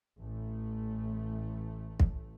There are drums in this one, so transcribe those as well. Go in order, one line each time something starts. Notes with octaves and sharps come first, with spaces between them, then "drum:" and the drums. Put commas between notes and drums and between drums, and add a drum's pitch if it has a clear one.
A1 A3
drum: kick